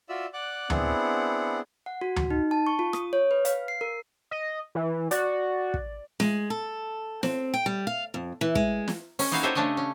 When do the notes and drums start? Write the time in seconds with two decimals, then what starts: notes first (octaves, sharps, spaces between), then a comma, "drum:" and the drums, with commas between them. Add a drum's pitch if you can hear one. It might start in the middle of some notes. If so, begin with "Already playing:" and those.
0.09 F4 F#4 D5 E5 E6
0.33 D5 F#5 D6 F#6
0.70 B3 C4 D4 E4 G#4 F#5, drum: tom D2
1.86 F#5
2.01 F#4
2.16 drum: tom D2
2.30 D#4
2.51 A5
2.67 C#6
2.79 F4
2.93 D#6, drum: rim click
3.13 C#5
3.31 B4
3.45 F5, drum: hi-hat
3.68 C7
3.81 A#4
4.31 D#5
4.75 E3
5.11 F#4 D5, drum: hi-hat
5.74 drum: kick
6.20 G#3, drum: snare
6.50 A4
7.23 C4, drum: snare
7.54 G5
7.66 G3
7.87 F5
8.14 F2
8.41 E3
8.55 G#3, drum: kick
8.88 drum: snare
9.19 C#4, drum: open hi-hat
9.31 A#3 D#4 E4 F#4 F5 G#5
9.43 G4 A4 C5 C#5 D#5 E5
9.55 C#3 A3 D4 C#5 D#5
9.77 C#4